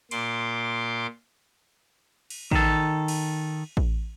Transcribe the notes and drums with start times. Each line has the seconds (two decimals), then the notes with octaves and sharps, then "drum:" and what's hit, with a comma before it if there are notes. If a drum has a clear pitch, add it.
0.11 A#2 C6 D6, drum: cymbal
2.30 drum: cymbal
2.51 D#3 A4, drum: kick A1
3.08 drum: cymbal
3.77 drum: kick A1